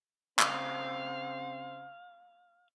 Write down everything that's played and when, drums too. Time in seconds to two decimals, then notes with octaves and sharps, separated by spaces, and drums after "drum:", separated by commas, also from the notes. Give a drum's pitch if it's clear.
0.39 C#3 C4 C5 F5, drum: clap